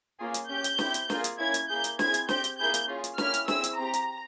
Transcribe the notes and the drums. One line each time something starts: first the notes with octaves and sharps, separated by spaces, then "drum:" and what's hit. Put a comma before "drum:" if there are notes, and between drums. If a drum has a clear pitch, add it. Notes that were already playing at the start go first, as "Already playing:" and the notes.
A#3 C#4 F4 G#4
drum: hi-hat
C#4 G4 G6
drum: hi-hat
C4 E4 G4, drum: snare
drum: hi-hat
A#3 F4 G#4, drum: snare
drum: hi-hat
A#3 C#4 E4 G#6
drum: hi-hat
A#3 E4 G#4 G6
drum: hi-hat
C4 E4 G#4 G#6, drum: snare
drum: hi-hat
C4 G4 G6, drum: snare
drum: hi-hat
A#3 E4 G#4 G6
drum: hi-hat
C#4 F4 G#4
drum: hi-hat
A#3 C#4 E4 G4 F6, drum: snare
drum: hi-hat
C4 E4 G#4 E6, drum: snare
drum: hi-hat
C4 G4 A#5
drum: hi-hat